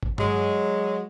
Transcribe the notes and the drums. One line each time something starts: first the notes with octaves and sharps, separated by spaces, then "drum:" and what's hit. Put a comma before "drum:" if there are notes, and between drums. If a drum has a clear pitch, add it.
drum: kick
F#3 G#3, drum: tom G2